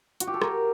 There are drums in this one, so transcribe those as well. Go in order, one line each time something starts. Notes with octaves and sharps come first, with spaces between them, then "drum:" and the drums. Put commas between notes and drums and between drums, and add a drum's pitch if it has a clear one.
F#4, drum: hi-hat
G4
A4
A#4, drum: rim click